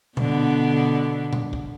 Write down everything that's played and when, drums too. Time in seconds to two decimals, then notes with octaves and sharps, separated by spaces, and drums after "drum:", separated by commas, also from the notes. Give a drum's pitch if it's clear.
0.17 B2 D3 B3, drum: tom A#2
1.33 drum: tom A#2
1.53 drum: kick